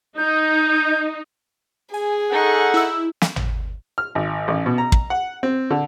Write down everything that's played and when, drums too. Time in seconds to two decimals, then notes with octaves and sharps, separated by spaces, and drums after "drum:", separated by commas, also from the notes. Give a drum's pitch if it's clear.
0.18 D#4 G6
1.94 G#4 G#5
2.31 D#4 A4 F#5 C#6
2.74 E4 E6
3.22 drum: snare
3.36 drum: tom
3.98 F6
4.15 G#1
4.48 A1
4.66 B2
4.78 A#5
4.92 drum: kick
5.10 F#5
5.43 C4
5.71 D3